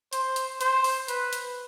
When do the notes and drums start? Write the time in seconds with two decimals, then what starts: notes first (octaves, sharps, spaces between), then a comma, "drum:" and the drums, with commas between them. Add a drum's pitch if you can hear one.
0.13 C5, drum: hi-hat
0.36 drum: hi-hat
0.61 C5, drum: hi-hat
0.84 drum: open hi-hat
1.08 B4, drum: hi-hat
1.33 drum: hi-hat